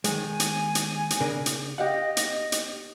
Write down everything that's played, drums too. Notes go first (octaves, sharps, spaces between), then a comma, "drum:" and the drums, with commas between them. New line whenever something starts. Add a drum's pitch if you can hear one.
D#3 G#3 G#5, drum: hi-hat
drum: hi-hat
drum: hi-hat
drum: hi-hat
C#3 D4 A#4
drum: hi-hat
G4 D#5 F5 F#5
drum: hi-hat
drum: hi-hat